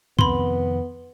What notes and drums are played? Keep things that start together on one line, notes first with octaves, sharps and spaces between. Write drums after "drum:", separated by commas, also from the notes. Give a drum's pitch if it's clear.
F2 C3 D#3 B3 B5 C6, drum: kick